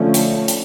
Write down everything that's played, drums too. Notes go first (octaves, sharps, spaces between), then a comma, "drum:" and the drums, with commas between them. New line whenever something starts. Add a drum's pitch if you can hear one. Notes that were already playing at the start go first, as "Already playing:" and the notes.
Already playing: D3 F3 A3 C#4
drum: hi-hat
drum: hi-hat